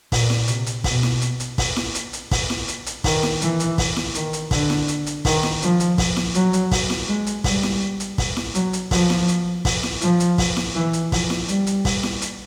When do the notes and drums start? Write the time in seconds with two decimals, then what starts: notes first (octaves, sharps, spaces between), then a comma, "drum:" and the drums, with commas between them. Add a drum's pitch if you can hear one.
0.12 A#2, drum: kick, open hi-hat
0.30 drum: snare E4
0.47 C3, drum: hi-hat
0.66 drum: hi-hat
0.84 B2, drum: kick, open hi-hat
1.03 drum: snare E4
1.21 drum: hi-hat
1.40 drum: hi-hat
1.58 drum: kick, open hi-hat
1.76 drum: snare E4
1.95 drum: hi-hat
2.13 drum: hi-hat
2.31 drum: kick, open hi-hat
2.50 drum: snare E4
2.68 drum: hi-hat
2.86 drum: hi-hat
3.04 D#3, drum: kick, open hi-hat
3.23 drum: snare E4
3.41 E3, drum: hi-hat
3.60 drum: hi-hat
3.78 drum: kick, open hi-hat
3.96 drum: snare E4
4.15 D#3, drum: hi-hat
4.33 drum: hi-hat
4.51 D3, drum: kick, open hi-hat
4.70 drum: snare E4
4.88 drum: hi-hat
5.06 drum: hi-hat
5.25 D#3, drum: kick, open hi-hat
5.43 drum: snare E4
5.62 F3, drum: hi-hat
5.80 drum: hi-hat
5.98 drum: kick, open hi-hat
6.17 drum: snare E4
6.35 F#3, drum: hi-hat
6.53 drum: hi-hat
6.72 drum: kick, open hi-hat
6.90 drum: snare E4
7.08 G#3
7.27 drum: hi-hat
7.44 G3, drum: kick, open hi-hat
7.63 drum: snare E4
8.00 drum: hi-hat
8.18 drum: kick, open hi-hat
8.37 drum: snare E4
8.55 F#3, drum: hi-hat
8.73 drum: hi-hat
8.91 F3, drum: kick, open hi-hat
9.10 drum: snare E4
9.28 drum: hi-hat
9.65 drum: kick, open hi-hat
9.83 drum: snare E4
10.01 F3, drum: hi-hat
10.20 drum: hi-hat
10.38 drum: kick, open hi-hat
10.57 drum: snare E4
10.75 E3
10.93 drum: hi-hat
11.12 F3, drum: kick, open hi-hat
11.30 drum: snare E4
11.48 G3, drum: hi-hat
11.67 drum: hi-hat
11.85 drum: kick, open hi-hat
12.03 drum: snare E4
12.22 drum: hi-hat